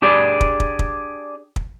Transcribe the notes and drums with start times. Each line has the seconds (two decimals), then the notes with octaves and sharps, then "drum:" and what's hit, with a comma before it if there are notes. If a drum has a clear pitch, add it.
0.02 D4 G4 G#4 D5
0.41 drum: kick
0.60 drum: kick
0.79 drum: kick
1.56 drum: kick